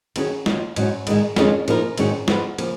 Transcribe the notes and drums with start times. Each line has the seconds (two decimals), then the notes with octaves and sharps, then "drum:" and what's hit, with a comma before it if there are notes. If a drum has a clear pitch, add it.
0.16 D#3 F#3 C#4 G#4, drum: cymbal
0.46 D#3 F#3 A#3 F4, drum: snare
0.76 G#2 F#3 C#4, drum: cymbal
1.07 G#2 D#3 G#3, drum: cymbal
1.36 F2 D#3 G#3 C#4 F4, drum: snare
1.68 F3 A#3 D#4 A#4, drum: cymbal
1.98 G#2 D#3 F#3 C#4 G#4, drum: cymbal
2.28 F3 G#3 B3 F4, drum: snare
2.58 C#3 F3 A#3 F4, drum: cymbal